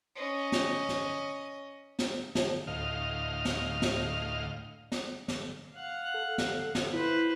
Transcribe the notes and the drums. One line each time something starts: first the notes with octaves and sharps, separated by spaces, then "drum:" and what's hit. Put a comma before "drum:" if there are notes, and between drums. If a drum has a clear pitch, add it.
C#4 D#5
drum: snare
drum: snare
drum: snare
drum: snare
D2 A2 D#5 F5 F6
drum: snare
drum: snare
drum: snare
drum: snare
F5 F#5
A4
drum: snare
drum: snare
E4 B4 C5